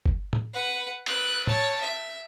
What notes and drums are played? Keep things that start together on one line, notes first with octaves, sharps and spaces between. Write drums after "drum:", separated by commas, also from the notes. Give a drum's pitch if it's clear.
drum: kick G1
drum: tom
B4 F#5
B4 F#6, drum: cymbal
C#5 A5, drum: tom
E5